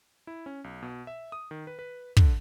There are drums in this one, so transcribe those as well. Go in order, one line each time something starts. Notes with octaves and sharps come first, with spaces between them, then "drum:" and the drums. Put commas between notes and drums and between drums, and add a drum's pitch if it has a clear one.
E4
C#4
B1
B2
E5
D#6
D#3
B4
B4
D3, drum: kick